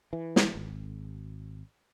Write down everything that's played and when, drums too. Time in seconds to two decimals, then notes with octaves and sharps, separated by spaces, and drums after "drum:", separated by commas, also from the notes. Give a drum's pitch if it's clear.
0.13 E3
0.36 drum: snare
0.55 G#1